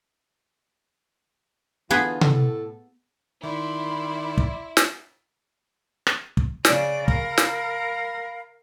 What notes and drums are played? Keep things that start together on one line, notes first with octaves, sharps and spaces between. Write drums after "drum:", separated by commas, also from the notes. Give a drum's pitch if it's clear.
D3 E3 B3 F4 G#4 B4
A2 A4, drum: tom C3
D#3 E4 D5 B5 C6
drum: kick
drum: snare
drum: rim click
drum: kick
C#3 D5, drum: snare
A#4 F5 B5, drum: kick
drum: snare